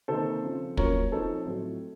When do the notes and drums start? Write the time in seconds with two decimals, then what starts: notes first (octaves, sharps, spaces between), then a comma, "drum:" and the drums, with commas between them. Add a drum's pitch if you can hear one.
0.08 C3 D#3 A#3 D#4 A4 C5
0.43 C#3 F3 C4 F4
0.77 A#2 F#3 A#3 C#4 F4 A#4 C#5, drum: kick
1.12 F3 C4 D#4 A4 C5
1.46 A2 F#3 A3 C4